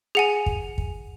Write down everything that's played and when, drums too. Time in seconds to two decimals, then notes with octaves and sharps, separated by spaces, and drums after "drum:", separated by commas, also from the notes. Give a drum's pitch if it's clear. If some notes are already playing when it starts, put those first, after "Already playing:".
0.15 G#4 F#5 G#5
0.46 drum: kick
0.78 drum: kick